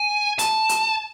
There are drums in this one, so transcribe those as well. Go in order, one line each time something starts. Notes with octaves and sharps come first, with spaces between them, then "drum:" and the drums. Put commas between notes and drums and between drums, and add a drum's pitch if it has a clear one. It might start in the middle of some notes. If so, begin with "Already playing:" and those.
Already playing: G#5
A5, drum: hi-hat
drum: hi-hat